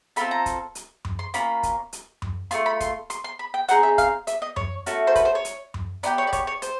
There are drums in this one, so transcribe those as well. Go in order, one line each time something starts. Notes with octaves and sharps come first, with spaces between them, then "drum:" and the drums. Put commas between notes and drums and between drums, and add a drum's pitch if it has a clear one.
C4 F4 A4 B5, drum: hi-hat
A#5
drum: kick, hi-hat
drum: hi-hat
drum: tom F#2
C6
A#3 C#4 F4 B5, drum: hi-hat
drum: kick, hi-hat
drum: hi-hat
drum: tom F#2
A3 C4 F4 C6, drum: hi-hat
B5
C6, drum: kick, hi-hat
C6, drum: hi-hat
C6
B5
G5
C4 D#4 G#4 F#5, drum: hi-hat
E5
F5, drum: kick, hi-hat
E5, drum: hi-hat
D#5
C#5, drum: tom F#2
A3 C#4 F#4 A4, drum: hi-hat
C5
B4, drum: kick, hi-hat
C5
C#5
drum: hi-hat
drum: tom F#2
B3 D#4 G4 D5, drum: hi-hat
C#5
D5
C#5, drum: kick, hi-hat
C#5
C5, drum: hi-hat